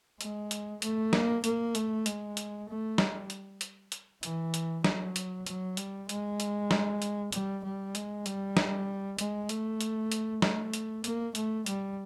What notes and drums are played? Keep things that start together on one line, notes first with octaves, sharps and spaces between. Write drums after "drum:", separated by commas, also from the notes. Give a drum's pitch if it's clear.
G#3, drum: hi-hat
drum: hi-hat
A3, drum: hi-hat
A#3, drum: snare
A#3, drum: hi-hat
A3, drum: hi-hat
G#3, drum: hi-hat
drum: hi-hat
A3
G3, drum: snare
drum: hi-hat
drum: hi-hat
drum: hi-hat
E3, drum: hi-hat
drum: hi-hat
F#3, drum: snare
drum: hi-hat
F#3, drum: hi-hat
G3, drum: hi-hat
G#3, drum: hi-hat
drum: hi-hat
drum: snare
drum: hi-hat
G3, drum: hi-hat
G3
G#3, drum: hi-hat
G3, drum: hi-hat
drum: snare
G#3, drum: hi-hat
A3, drum: hi-hat
drum: hi-hat
drum: hi-hat
A3, drum: snare
drum: hi-hat
A#3, drum: hi-hat
A3, drum: hi-hat
G3, drum: hi-hat